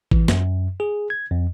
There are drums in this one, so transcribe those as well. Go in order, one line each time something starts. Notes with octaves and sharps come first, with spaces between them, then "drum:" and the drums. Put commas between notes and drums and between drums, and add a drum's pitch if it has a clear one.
E3, drum: kick G#1
F#2, drum: snare
G#4
G#6
F2